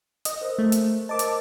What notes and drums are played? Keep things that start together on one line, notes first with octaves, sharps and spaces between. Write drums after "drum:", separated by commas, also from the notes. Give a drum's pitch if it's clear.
D#5, drum: hi-hat
A#4 C5
A3
drum: hi-hat
A#4 C5 D#5 A5 D6
drum: hi-hat